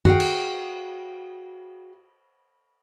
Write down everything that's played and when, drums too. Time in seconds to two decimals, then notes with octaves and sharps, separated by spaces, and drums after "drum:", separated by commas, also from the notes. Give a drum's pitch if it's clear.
0.05 F#4 G#4 C5 F5 G5, drum: tom F#2
0.20 drum: cymbal